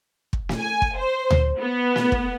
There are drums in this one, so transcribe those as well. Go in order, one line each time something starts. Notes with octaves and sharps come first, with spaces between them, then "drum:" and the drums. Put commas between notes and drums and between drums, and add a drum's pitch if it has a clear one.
drum: kick
drum: snare
G#5
drum: kick
C5
drum: tom D2
B3
drum: snare
drum: kick